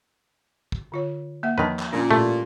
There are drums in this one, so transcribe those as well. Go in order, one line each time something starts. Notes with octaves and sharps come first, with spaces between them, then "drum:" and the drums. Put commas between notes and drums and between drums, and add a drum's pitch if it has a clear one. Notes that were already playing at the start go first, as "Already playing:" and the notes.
drum: kick
D3 F4 C#5
A#3 E5 F#5
D#3 F3 D4 B4 A5, drum: tom E2
drum: clap
A#2 C#4 D4
A3 E4 G4 D5, drum: tom A#2